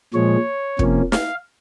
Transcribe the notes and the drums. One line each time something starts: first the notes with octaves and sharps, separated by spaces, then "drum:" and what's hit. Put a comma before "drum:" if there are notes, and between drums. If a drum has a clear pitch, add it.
A#2 F3 G#3 C#5
C3 F3 A#3 C#4, drum: kick
F5, drum: snare